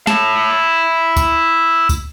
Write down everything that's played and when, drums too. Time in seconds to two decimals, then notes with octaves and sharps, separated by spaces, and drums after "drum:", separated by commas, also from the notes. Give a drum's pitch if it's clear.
0.07 E4 A5, drum: snare
1.16 drum: kick C#2, tambourine
1.89 drum: kick C#2, tambourine